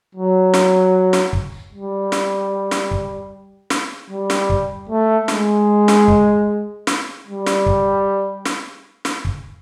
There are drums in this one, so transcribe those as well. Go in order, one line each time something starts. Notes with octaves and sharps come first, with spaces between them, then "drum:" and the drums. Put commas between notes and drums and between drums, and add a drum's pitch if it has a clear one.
F#3
drum: snare
drum: snare
drum: kick
G3
drum: snare
drum: snare
drum: kick
drum: snare
G3
drum: snare
drum: kick
A3
G#3, drum: snare
drum: snare
drum: kick
drum: snare
G3
drum: snare
drum: kick
drum: snare
drum: snare
drum: kick